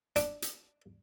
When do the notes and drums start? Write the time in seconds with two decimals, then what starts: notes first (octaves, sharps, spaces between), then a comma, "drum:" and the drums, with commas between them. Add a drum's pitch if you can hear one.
0.16 D4, drum: hi-hat
0.42 drum: hi-hat